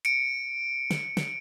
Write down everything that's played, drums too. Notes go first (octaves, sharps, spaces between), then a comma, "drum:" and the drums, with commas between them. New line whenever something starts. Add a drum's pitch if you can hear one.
C#7 D7, drum: hi-hat
drum: snare
drum: snare